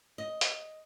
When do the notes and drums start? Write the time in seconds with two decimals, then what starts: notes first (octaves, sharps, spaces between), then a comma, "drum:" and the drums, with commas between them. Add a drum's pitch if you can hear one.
0.18 D#5
0.41 drum: hi-hat